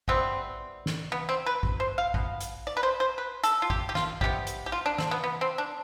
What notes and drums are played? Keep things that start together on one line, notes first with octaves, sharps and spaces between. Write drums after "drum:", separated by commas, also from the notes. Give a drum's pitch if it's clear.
E3 G3 B3 C4, drum: kick A1
drum: snare
B3
C4
B4
drum: kick A1
C5
F5
B2 B3, drum: kick A1
drum: hi-hat
D5
B4
C5
C5
B4
A4, drum: hi-hat
F4
G4, drum: kick A1
G4
F4, drum: snare
C3 G3 B3 G4, drum: kick A1
drum: hi-hat
G4
F4
D4
C4, drum: snare
B3
B3
C4
D4